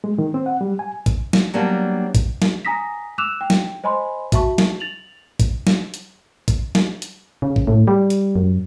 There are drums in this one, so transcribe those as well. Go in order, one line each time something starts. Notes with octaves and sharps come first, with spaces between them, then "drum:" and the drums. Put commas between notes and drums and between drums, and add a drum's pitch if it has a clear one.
G#3
D#3
C4
F#5
G3
G#5
drum: kick, hi-hat
drum: snare
F#3 G3 A#3 B3 D4
drum: kick, hi-hat
drum: snare
G#5 A#5 D#6 A#6 B6
D6 E6 F#6 E7 F7
G5
drum: snare
C5 D#5 G#5 B5 C6
F#4 E5 A5 C#6, drum: kick, hi-hat
drum: snare
A6 F7 F#7
drum: kick, hi-hat
drum: snare
drum: hi-hat
drum: kick, hi-hat
drum: snare
drum: hi-hat
C#3
drum: kick
A2
G3
drum: hi-hat
F#2